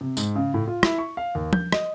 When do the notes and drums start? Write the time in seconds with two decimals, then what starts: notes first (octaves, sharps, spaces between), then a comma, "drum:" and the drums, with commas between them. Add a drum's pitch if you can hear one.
0.01 C3
0.17 G#2, drum: tambourine
0.36 C#3
0.54 A2
0.68 F4
0.83 E4, drum: rim click
0.99 C#6
1.17 F5
1.35 D#2
1.53 G6, drum: tom F3
1.73 D#5, drum: rim click